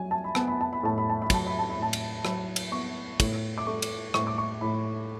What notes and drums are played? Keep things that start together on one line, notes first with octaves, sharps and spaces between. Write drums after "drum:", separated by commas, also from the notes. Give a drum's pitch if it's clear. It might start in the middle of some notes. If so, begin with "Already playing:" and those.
Already playing: F#3 G#5
A5
B5
B3 A5, drum: rim click
B5
A5
B5
A2 A5
B5
A5
B5
F#3 A5, drum: kick, cymbal
B5
A5
B5
A2
A5
drum: cymbal
F#3 B5, drum: rim click
drum: cymbal
B3 C#6
A2, drum: kick, cymbal
D6
A3 C#6
drum: cymbal
A2 C#6, drum: rim click
D6
C#6
A2 B5